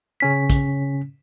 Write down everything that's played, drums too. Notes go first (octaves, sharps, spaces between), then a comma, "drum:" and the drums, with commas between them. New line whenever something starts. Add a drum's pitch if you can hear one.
C#3 C#4 B6
drum: kick, hi-hat